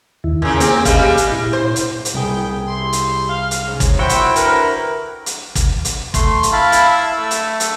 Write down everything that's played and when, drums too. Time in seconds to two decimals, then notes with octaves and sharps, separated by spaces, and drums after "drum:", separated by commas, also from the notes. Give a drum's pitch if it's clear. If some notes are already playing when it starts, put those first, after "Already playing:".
0.24 E2 D#3 E4
0.42 A#2 C#3 G#5
0.60 A#3 C4 G#4, drum: hi-hat
0.85 G3 G#3 F5, drum: kick, hi-hat
1.17 drum: hi-hat
1.32 A#2 E4
1.53 C5
1.76 drum: hi-hat
2.05 drum: hi-hat
2.14 C2 A#2 B3 G#4 G5
2.68 G3 E4 C6
2.93 drum: hi-hat
3.29 F5
3.51 drum: hi-hat
3.67 G#2 C#3
3.80 drum: kick, hi-hat
3.99 A#2 E4 F#4 C5 E5 F#5 G5
4.09 drum: hi-hat
4.36 D3 A#4 B4, drum: hi-hat
5.26 drum: hi-hat
5.55 drum: kick, hi-hat
5.85 drum: hi-hat
6.14 A3 C6, drum: kick, hi-hat
6.43 drum: hi-hat
6.53 E4 F5 A5 B5
6.72 drum: hi-hat
6.87 E6
7.18 A3
7.31 drum: hi-hat
7.60 drum: hi-hat